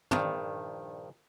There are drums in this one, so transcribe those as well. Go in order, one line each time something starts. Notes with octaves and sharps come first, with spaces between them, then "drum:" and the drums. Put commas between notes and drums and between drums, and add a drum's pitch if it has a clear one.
A#1 G2 D#3, drum: tom